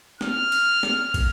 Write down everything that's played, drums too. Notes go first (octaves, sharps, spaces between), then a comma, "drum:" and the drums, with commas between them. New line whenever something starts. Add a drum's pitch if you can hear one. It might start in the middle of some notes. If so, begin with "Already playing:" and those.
F6, drum: snare
drum: cymbal
drum: snare
drum: kick, cymbal